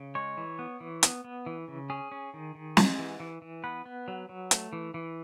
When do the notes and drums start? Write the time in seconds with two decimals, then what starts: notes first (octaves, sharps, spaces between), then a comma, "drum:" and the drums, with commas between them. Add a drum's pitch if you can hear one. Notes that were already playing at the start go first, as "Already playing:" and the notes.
Already playing: C#3
0.15 G#3 C#5
0.37 E3
0.59 B3
0.80 E3
1.03 B3, drum: hi-hat
1.24 B3
1.46 E3
1.68 C#3
1.90 C#4 G#4
2.12 C#4
2.34 D#3
2.55 D#3
2.77 G#3, drum: snare
2.99 E3
3.20 E3
3.42 E3
3.64 B3 B4
3.86 B3
4.08 F#3
4.29 F#3
4.51 A3, drum: hi-hat
4.73 E3
4.94 E3